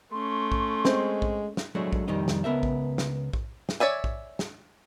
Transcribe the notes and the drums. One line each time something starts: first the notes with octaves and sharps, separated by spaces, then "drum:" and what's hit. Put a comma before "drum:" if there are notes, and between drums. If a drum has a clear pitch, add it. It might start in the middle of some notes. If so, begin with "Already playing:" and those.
A3 C#4 C6
drum: kick A#1
G#3 C4, drum: snare
drum: kick A#1
drum: snare
F#3 G#3 A3 D4 F#4
drum: kick A#1
C2 F2 D#3 G3 D#4 D#5
drum: snare
C#2 B3 A#4 E5
drum: kick A#1
drum: snare
drum: kick A#1
drum: snare
C#5 D5 E5 G#5
drum: kick A#1
drum: snare